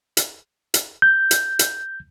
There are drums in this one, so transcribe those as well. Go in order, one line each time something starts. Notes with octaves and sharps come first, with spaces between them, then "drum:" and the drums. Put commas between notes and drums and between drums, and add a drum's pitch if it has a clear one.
drum: hi-hat
drum: hi-hat
G6
drum: hi-hat
drum: hi-hat